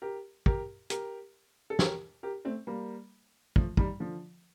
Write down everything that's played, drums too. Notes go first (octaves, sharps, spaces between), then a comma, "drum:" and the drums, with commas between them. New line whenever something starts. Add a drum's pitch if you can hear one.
G4 A#4
G4 A#4, drum: kick
G4 A#4, drum: hi-hat
A4
G4 A#4, drum: snare
G4 A#4
A3 C4
G3 A#3
F3 A3, drum: kick
D#3 G3, drum: kick
D3 F3